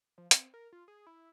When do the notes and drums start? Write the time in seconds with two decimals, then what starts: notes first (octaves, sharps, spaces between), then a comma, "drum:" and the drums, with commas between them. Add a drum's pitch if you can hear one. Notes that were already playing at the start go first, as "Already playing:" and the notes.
0.18 F3
0.31 C4, drum: hi-hat
0.54 A#4
0.73 F4
0.88 G#4
1.07 E4